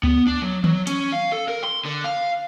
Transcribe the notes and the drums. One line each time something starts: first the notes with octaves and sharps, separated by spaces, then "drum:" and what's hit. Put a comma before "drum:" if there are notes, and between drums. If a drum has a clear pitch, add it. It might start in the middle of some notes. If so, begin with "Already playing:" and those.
B3, drum: kick D2
D4
F#3
F#3, drum: tom D#3
C#4, drum: hi-hat
F5
A4
A#4
C6
D3
F5